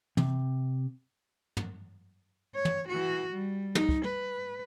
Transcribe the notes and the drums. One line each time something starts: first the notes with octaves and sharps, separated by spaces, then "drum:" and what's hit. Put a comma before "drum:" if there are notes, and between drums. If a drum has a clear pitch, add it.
C3, drum: tom
drum: tom
C#5
drum: tom
E3 F#4
G3
D#4, drum: tom
drum: kick
B4